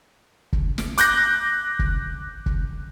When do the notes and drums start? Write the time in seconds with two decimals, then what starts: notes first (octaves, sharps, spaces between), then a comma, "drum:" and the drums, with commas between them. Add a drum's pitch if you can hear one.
0.53 drum: kick
0.78 drum: snare
0.98 D6 F#6 G6 A#6, drum: hi-hat
1.79 drum: kick
2.46 drum: kick